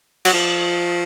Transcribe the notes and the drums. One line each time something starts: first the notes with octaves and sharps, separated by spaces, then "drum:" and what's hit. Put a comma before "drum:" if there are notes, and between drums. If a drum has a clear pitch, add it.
F#3, drum: cymbal
F3